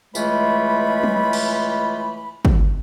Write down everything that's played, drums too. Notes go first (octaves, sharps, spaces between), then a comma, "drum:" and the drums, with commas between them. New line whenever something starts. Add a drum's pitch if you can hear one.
C#2 E3 G#3 A3 F4 B5, drum: tambourine
drum: tom F#3
drum: cymbal
drum: kick